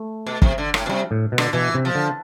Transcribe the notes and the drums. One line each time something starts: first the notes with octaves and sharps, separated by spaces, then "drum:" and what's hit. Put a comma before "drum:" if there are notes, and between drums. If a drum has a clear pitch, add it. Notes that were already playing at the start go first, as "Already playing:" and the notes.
Already playing: A3
B2
C3, drum: kick
D3
A2, drum: rim click
B2
C3 G3
A2
B2
D3, drum: rim click
B2 E3
C3
F3
D3